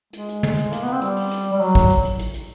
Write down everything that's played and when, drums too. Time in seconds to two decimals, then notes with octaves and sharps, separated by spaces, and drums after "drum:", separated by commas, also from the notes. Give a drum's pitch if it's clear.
0.13 G#3, drum: hi-hat
0.29 drum: hi-hat
0.43 drum: tom
0.58 drum: hi-hat
0.72 A#3, drum: hi-hat
0.83 B3
0.92 C4
1.02 G3, drum: hi-hat
1.17 drum: open hi-hat
1.31 drum: hi-hat
1.53 G3
1.61 F#3, drum: open hi-hat
1.75 drum: kick A1, hi-hat
1.90 drum: hi-hat
2.05 drum: hi-hat
2.19 drum: hi-hat
2.34 drum: hi-hat